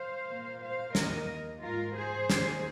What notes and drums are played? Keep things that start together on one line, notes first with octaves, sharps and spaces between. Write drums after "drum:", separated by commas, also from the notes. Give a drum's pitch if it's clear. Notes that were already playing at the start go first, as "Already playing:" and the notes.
Already playing: C5 F5
A#2 A#3
C5 F5
D#2 D#3 A#3 A#4 D#5, drum: snare
G#2 G#3 F4 A#4
G#4 C5
D#2 D#3 G#3, drum: snare